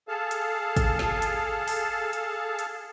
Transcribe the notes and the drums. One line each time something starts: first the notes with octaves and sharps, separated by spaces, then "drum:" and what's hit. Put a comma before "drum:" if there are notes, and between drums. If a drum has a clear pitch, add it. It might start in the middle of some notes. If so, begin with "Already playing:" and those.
G#4 A4 F5 A5
drum: hi-hat
drum: kick, hi-hat
drum: snare
drum: hi-hat
drum: open hi-hat
drum: hi-hat
drum: hi-hat